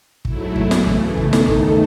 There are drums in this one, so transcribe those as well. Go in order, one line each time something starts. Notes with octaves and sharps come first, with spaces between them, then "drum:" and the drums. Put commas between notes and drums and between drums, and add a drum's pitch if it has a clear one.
G#2 F#3 A3 E4, drum: kick
drum: kick
C#3 E3 A3, drum: snare
drum: kick
E2 D#3 A3 D#4 A4, drum: kick
drum: snare
drum: kick